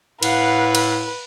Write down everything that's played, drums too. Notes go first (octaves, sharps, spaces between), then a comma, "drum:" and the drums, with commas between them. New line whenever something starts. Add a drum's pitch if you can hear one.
A2 B4 F5 F#5, drum: cymbal
drum: cymbal